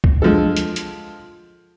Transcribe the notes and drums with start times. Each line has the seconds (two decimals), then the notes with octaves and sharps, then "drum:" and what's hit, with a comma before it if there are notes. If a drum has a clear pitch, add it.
0.04 drum: kick C2
0.22 D3 F3 G#3 A4
0.57 drum: hi-hat
0.76 drum: hi-hat